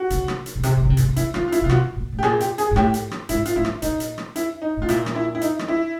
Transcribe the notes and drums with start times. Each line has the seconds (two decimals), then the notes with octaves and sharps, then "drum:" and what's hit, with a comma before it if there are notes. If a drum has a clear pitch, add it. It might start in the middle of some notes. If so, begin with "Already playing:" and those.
Already playing: F#4
0.10 C#3, drum: hi-hat
0.28 drum: rim click
0.46 drum: hi-hat
0.55 B2
0.63 C3, drum: hi-hat
0.76 B2
0.85 C#3
0.90 C3
0.97 A#2, drum: hi-hat
1.04 B2
1.16 E3 E4, drum: hi-hat
1.34 D#3 F4, drum: rim click
1.48 F4
1.52 E4, drum: hi-hat
1.62 C3 F4
1.69 B2 F#4, drum: rim click
1.96 A#2
2.12 A2
2.19 G4
2.23 A#2 G#4, drum: rim click
2.40 G4, drum: hi-hat
2.58 G#4, drum: hi-hat
2.71 G#2
2.76 A2 G4, drum: rim click
2.94 drum: hi-hat
3.11 drum: rim click
3.29 G#2 E4, drum: hi-hat
3.45 F4, drum: hi-hat
3.55 A2 E4
3.65 drum: rim click
3.82 A#2 D#4, drum: hi-hat
4.00 drum: hi-hat
4.18 drum: rim click
4.36 E4, drum: hi-hat
4.62 D#4
4.77 A2 F4
4.88 A#2 E4, drum: hi-hat
5.06 drum: rim click
5.15 E4
5.35 E4
5.41 D#4, drum: hi-hat
5.59 drum: rim click
5.68 E4